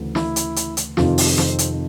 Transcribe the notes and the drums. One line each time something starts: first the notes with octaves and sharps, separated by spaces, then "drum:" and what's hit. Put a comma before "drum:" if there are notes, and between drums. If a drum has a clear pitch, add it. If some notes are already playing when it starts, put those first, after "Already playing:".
Already playing: D2 C#3 E3
E4, drum: snare
drum: hi-hat
drum: hi-hat
drum: hi-hat
F2 C3 D#3 F4, drum: snare
drum: open hi-hat
C4, drum: snare
drum: hi-hat